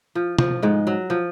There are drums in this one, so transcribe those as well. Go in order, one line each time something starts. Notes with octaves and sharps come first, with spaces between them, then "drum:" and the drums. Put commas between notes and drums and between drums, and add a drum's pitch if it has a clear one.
F3
F3, drum: tom C3
G#2 G#3
F#3
F3